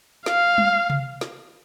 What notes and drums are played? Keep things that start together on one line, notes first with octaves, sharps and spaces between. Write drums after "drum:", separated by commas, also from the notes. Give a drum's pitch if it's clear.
F5, drum: snare
drum: tom G3
drum: tom C3
drum: snare